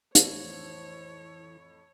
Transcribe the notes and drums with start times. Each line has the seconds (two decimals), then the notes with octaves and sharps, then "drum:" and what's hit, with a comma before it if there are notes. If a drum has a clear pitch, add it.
0.15 F2 A2 E3 C5 C#5, drum: hi-hat